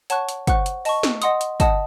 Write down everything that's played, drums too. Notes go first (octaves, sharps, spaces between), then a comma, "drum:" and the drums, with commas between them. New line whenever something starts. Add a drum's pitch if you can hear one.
C#5 F#5 A5 C#6 F#6, drum: hi-hat
drum: hi-hat
C5 F#5 C#6 F#6, drum: kick, hi-hat
drum: hi-hat
D#5 A5 C#6, drum: open hi-hat
drum: snare
D#5 F#5 C6 D#6, drum: hi-hat
drum: hi-hat
D#5 F#5 A5 D#6, drum: kick, hi-hat